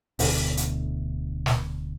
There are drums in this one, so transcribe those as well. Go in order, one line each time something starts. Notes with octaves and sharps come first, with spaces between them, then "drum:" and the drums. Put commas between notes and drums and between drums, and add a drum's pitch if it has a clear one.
D1 D2 B2, drum: open hi-hat
drum: hi-hat
drum: snare